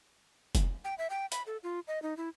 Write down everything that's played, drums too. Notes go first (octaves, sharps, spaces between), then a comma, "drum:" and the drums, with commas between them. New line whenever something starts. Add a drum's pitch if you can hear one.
drum: kick F1, hi-hat
G5
E5
G5
B5, drum: hi-hat
A4
F4
D#5
D#4
E4